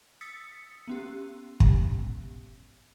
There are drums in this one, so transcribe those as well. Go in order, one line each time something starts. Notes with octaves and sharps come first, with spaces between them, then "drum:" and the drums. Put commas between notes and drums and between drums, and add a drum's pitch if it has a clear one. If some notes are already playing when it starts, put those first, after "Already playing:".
D#6 E6 A6 B6 C#7
B3 C#4 G4
drum: kick